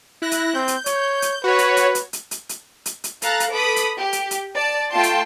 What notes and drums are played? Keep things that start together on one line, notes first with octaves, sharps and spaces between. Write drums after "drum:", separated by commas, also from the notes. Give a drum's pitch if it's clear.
E4 F#6 A#6
drum: hi-hat
C4 G6
drum: hi-hat
C#5, drum: hi-hat
drum: hi-hat
F#4 B4 C#5
drum: hi-hat
drum: hi-hat
drum: hi-hat
drum: hi-hat
drum: hi-hat
drum: hi-hat
drum: hi-hat
drum: hi-hat
A4 F5 A#5 F#6 A6, drum: hi-hat
drum: hi-hat
A4 B4 B5 D6 D#6
drum: hi-hat
G4
drum: hi-hat
drum: hi-hat
D5 A5
A3 F4 G5 A5 C6
drum: hi-hat